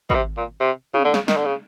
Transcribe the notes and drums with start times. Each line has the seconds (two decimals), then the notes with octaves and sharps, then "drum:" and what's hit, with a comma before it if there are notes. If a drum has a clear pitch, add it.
0.10 B2, drum: kick G#1
0.14 C3
0.37 A#2
0.60 C3
0.94 C#3, drum: tom
1.04 D3
1.14 C#3, drum: snare
1.28 D#3, drum: snare
1.37 D3
1.45 C#3